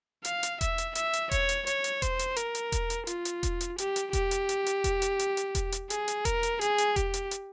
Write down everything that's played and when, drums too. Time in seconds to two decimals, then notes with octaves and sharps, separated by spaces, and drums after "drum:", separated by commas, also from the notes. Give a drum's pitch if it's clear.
0.25 F5, drum: hi-hat
0.43 drum: hi-hat
0.61 E5, drum: kick E1, hi-hat
0.78 drum: hi-hat
0.95 E5, drum: hi-hat
1.13 drum: hi-hat
1.31 C#5, drum: kick E1, hi-hat
1.49 drum: hi-hat
1.67 C#5, drum: hi-hat
1.84 drum: hi-hat
2.02 C5, drum: kick E1, hi-hat
2.19 drum: hi-hat
2.36 A#4, drum: hi-hat
2.55 drum: hi-hat
2.72 drum: kick E1, hi-hat
2.90 drum: hi-hat
3.07 F4, drum: hi-hat
3.25 drum: hi-hat
3.43 drum: kick E1, hi-hat
3.61 drum: hi-hat
3.78 G4, drum: hi-hat
3.96 drum: hi-hat
4.13 G4, drum: kick E1, hi-hat
4.31 drum: hi-hat
4.49 drum: hi-hat
4.66 drum: hi-hat
4.84 drum: kick E1, hi-hat
5.02 drum: hi-hat
5.19 drum: hi-hat
5.37 drum: hi-hat
5.55 drum: kick E1, hi-hat
5.72 drum: hi-hat
5.90 G#4, drum: hi-hat
6.08 drum: hi-hat
6.25 A#4, drum: kick E1, hi-hat
6.43 drum: hi-hat
6.61 G#4, drum: hi-hat
6.78 drum: hi-hat
6.96 G4, drum: kick E1, hi-hat
7.14 drum: hi-hat
7.31 drum: hi-hat